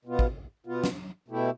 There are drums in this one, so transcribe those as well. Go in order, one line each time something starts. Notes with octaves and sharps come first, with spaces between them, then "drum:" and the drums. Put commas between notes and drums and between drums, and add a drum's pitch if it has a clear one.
B2 B3 F4
drum: kick A1
B2 B3 F4
drum: snare
B2 A3 E4 G4